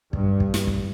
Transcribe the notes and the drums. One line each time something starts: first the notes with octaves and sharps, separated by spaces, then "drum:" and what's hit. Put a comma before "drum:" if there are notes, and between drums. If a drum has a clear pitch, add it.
G2, drum: kick
drum: kick
drum: snare
drum: kick